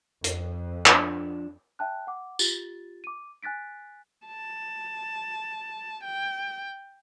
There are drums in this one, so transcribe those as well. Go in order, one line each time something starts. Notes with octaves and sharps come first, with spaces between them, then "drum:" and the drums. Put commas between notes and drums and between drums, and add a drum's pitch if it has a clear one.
F2, drum: hi-hat
F3 D4, drum: clap
E5 G5 A5 F#6
F#5 D6
F4 G4 A6, drum: tambourine
D6 D#7
G#5 F#6 A6 B6 D7
A5
G5